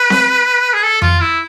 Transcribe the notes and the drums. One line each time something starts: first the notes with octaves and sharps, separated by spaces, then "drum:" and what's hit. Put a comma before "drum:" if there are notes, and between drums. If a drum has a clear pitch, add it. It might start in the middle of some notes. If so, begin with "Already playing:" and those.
Already playing: B4
drum: snare C4
G#4
A4
F4, drum: tom F2
E4